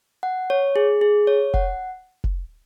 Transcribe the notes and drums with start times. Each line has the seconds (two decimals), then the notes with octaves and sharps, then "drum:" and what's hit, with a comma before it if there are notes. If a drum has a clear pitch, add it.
0.23 F#5
0.50 C#5
0.76 G#4
1.01 G#4
1.27 C#5
1.54 F#5, drum: kick F1
2.24 drum: kick F1